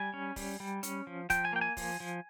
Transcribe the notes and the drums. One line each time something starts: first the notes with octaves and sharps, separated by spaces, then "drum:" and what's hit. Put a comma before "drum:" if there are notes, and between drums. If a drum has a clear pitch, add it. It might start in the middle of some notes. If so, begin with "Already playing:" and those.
Already playing: G3 G#5
C#4
G3, drum: kick D#1, open hi-hat
G3
C#4, drum: hi-hat
F3
F3 G5, drum: kick D#1, hi-hat
G#5
A#3 G5
G#5
F3, drum: kick D#1, open hi-hat
F3